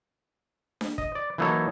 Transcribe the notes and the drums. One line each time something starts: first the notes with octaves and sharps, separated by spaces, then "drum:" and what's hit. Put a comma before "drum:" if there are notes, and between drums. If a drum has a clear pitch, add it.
drum: snare D4
D#5, drum: kick
D5
E3 F#3 A#3 D#4 A4 C#5